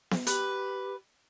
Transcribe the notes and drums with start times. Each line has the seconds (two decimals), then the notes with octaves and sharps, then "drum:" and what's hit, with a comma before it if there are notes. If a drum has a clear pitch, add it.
0.11 drum: snare B3
0.27 G4 B4, drum: hi-hat